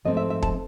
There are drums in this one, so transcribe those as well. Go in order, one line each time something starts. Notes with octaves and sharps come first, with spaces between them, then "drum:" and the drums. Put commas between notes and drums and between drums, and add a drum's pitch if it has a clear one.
G#2 F3 A3 C4 D#5
E5
E5
A5, drum: kick